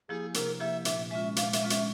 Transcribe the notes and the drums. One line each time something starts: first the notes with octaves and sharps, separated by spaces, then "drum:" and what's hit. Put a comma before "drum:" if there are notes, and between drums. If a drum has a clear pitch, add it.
F3 A#3 E4 G4 G#4
C3 A#4, drum: hi-hat
F3 A#3 E4 G4 E5
A#2 E5, drum: hi-hat
G#3 C#4 F4 E5
A#2 F5, drum: hi-hat
E5, drum: hi-hat
G#3 C#4 F4
E5, drum: hi-hat